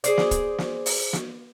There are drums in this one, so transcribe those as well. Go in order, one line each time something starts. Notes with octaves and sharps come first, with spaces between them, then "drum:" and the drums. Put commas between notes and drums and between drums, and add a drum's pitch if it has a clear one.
G#4 C5 D5, drum: hi-hat
drum: snare
drum: kick, hi-hat
drum: snare
drum: open hi-hat
drum: snare